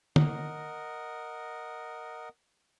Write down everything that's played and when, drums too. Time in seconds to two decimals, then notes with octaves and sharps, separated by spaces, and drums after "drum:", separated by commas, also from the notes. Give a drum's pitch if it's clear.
0.16 A#4 D#5 F#5, drum: tom